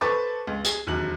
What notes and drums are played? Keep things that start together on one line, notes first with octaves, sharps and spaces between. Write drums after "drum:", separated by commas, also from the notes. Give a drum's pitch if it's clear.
A4 B4 C5 C#6 D6 A6
C#2
G#4, drum: tambourine
E1 D#2 F#3 F#6 F#7